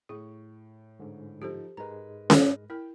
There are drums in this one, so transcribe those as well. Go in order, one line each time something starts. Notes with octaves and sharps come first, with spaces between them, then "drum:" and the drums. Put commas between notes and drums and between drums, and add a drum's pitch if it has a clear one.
A2 G#4 C#6
G#2 D3
F3 D#4 G4 A4 C5
G#2 G#3 A#4 B4 A#5
drum: snare C#4
E4 A#4 G5